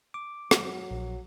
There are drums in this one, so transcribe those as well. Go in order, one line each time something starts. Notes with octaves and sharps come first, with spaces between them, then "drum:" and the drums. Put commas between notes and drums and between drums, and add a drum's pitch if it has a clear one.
D6
F#3, drum: rim click
A#1